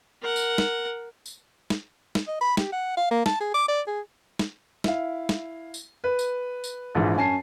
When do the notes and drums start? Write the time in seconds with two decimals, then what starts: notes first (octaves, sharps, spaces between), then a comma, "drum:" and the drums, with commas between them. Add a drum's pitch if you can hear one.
0.22 A#4 F#5
0.36 drum: tambourine
0.58 drum: snare
1.26 drum: tambourine
1.70 drum: snare
2.15 drum: snare
2.27 D#5
2.41 B5
2.57 G4, drum: snare
2.72 F#5
2.97 F5
3.11 A#3
3.26 A5, drum: snare
3.40 G#4
3.54 D6
3.68 D5
3.87 G#4
4.39 drum: snare
4.84 E4 F5, drum: snare
5.29 drum: snare
5.74 drum: tambourine
6.04 B4
6.19 drum: tambourine
6.64 drum: tambourine
6.95 A#1 G#2 E3 F3
7.16 F#2 C#4 G#5 A5 C7